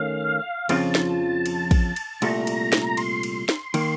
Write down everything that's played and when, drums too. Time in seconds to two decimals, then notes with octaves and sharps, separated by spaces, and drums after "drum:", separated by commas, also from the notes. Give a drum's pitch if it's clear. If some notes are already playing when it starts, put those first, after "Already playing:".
Already playing: D#3 A3 C#4 F5
0.69 F2 C#3 F3 C4 F4 A5, drum: cymbal
0.95 drum: snare
1.46 drum: cymbal
1.71 drum: kick, cymbal
1.96 drum: cymbal
2.22 C2 A#2 A3 A#5, drum: cymbal
2.47 drum: cymbal
2.73 drum: snare
2.97 C6, drum: cymbal
3.23 drum: cymbal
3.49 drum: snare
3.74 D#3 A#3, drum: cymbal